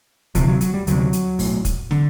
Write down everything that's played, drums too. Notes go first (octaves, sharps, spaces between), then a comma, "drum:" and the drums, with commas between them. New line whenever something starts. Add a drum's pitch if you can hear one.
D2 C3 F3, drum: kick, hi-hat
F#3
F#3, drum: hi-hat
G3
D2 C3 F#3, drum: hi-hat
drum: hi-hat
B1 A2, drum: open hi-hat
drum: kick, hi-hat
D3, drum: snare